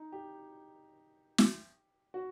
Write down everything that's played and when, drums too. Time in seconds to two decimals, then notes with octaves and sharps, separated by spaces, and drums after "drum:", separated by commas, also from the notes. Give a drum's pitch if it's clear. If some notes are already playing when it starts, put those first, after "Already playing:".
Already playing: D#4
0.12 G4
1.38 drum: snare
2.14 F#4